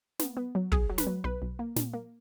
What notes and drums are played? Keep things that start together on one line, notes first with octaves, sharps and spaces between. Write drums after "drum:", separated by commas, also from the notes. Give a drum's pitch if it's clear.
B3, drum: snare
B3
F#3
B1 G#4, drum: kick
F#3
B4, drum: snare
F#3
B1 B4
B1
A#3
A#2, drum: snare
A#3